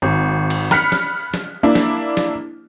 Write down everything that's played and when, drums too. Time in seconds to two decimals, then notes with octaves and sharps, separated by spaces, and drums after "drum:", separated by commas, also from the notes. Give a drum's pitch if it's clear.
0.02 G#1
0.50 drum: cymbal
0.71 B5 F6 F#6 B6 C#7, drum: snare
0.92 drum: snare
1.34 drum: snare
1.63 A#3 D4 E4
1.75 drum: snare
2.17 drum: snare